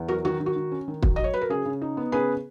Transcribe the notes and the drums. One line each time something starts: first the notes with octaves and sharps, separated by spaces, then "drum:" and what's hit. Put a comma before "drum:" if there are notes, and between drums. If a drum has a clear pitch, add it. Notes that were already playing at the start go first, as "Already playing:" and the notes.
Already playing: E2
F#3 F#4 A#4
D#3 F#4
D#3
F#4
D#3
C#4
D#3
F#3, drum: kick
F#3 D#5
C#5
F#3 B4
A#4
C#3 G#4
C#3
D#4
B3
C#3 G#4 B4